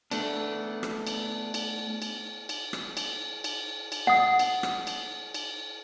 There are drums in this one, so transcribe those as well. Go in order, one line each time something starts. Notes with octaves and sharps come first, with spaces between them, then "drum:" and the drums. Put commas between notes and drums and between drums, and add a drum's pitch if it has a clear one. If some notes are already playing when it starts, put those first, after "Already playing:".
A3 B3 D4, drum: cymbal
drum: rim click
drum: cymbal
drum: cymbal
drum: cymbal
drum: cymbal
drum: rim click
drum: cymbal
drum: cymbal
drum: cymbal
F#5 D#6
drum: cymbal
drum: rim click
drum: cymbal
drum: cymbal